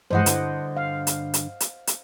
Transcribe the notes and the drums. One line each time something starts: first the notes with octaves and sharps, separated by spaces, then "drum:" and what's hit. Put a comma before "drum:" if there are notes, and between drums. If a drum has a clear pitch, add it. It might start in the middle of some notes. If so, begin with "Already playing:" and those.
G2 E3 G#3 C5 D#5 F#5
G2 D3, drum: hi-hat
F5
drum: hi-hat
drum: hi-hat
drum: hi-hat
drum: hi-hat